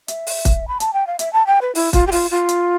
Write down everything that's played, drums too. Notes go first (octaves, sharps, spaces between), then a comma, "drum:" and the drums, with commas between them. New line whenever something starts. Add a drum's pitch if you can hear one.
E5, drum: hi-hat
drum: open hi-hat
drum: kick, hi-hat
B5
A5, drum: hi-hat
G5
F5
E5, drum: hi-hat
A5
G5
B4
E4, drum: open hi-hat
F4, drum: kick, hi-hat
G4
F4, drum: open hi-hat
F4
drum: hi-hat